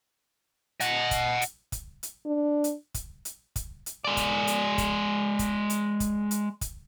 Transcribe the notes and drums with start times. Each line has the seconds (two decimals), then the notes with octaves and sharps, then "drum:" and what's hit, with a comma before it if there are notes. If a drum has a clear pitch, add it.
0.80 D#5 F#5, drum: hi-hat
1.11 drum: kick, hi-hat
1.42 drum: hi-hat
1.72 drum: kick, hi-hat
2.03 drum: hi-hat
2.26 D4
2.64 drum: hi-hat
2.94 drum: kick, hi-hat
3.25 drum: hi-hat
3.56 drum: kick, hi-hat
3.86 drum: hi-hat
4.05 G#3 D5
4.17 drum: kick, hi-hat
4.47 drum: hi-hat
4.78 drum: kick, hi-hat
5.39 drum: kick, hi-hat
5.70 drum: hi-hat
6.00 drum: kick, hi-hat
6.31 drum: hi-hat
6.61 drum: kick, hi-hat